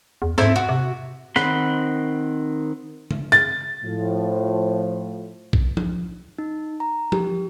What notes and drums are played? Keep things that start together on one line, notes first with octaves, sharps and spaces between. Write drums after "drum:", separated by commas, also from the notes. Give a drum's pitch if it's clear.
E2
G#2 A3 C4 E4, drum: snare
F#4
C3
D#3 C4 F#5 B5 C6, drum: snare
drum: tom C#3
A6, drum: hi-hat
A2 F3
drum: kick A#1
drum: tom F3
D#4
A#5
G4, drum: tom F3